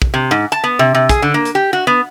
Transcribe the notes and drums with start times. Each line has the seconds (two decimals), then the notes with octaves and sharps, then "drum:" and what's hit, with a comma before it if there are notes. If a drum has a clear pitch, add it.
0.02 drum: kick
0.14 C3
0.31 G#2
0.52 A5
0.64 B3
0.79 C3
0.94 C3
1.09 G#4, drum: kick, hi-hat
1.22 D3
1.34 A#3
1.45 drum: hi-hat
1.55 G4
1.73 F#4
1.87 B3